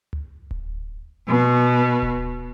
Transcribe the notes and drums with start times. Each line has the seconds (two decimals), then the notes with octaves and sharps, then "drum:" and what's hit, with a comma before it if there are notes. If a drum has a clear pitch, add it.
0.13 drum: tom C#2
0.51 drum: kick D1
1.26 B2
2.02 drum: kick D1